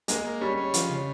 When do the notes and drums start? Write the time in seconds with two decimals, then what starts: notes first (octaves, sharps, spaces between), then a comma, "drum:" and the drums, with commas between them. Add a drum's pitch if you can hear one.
0.08 G#3 A#3, drum: hi-hat
0.25 A#3
0.41 G3 C#4
0.57 C#4
0.74 F3, drum: hi-hat
0.90 C#3